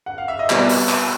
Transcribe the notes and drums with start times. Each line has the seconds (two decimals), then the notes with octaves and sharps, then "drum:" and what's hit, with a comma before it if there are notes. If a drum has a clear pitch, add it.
0.06 F#5
0.18 F5
0.28 E5
0.39 D#5
0.50 C2 B2 G3 B3 D5, drum: clap
0.69 drum: open hi-hat
0.89 drum: clap